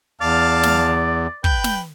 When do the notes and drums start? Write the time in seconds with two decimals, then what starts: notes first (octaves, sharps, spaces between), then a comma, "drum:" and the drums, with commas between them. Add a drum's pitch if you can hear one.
0.21 E2 D5 F5 A5 F6
0.63 drum: snare
1.44 B4 G5 G6, drum: kick
1.64 drum: snare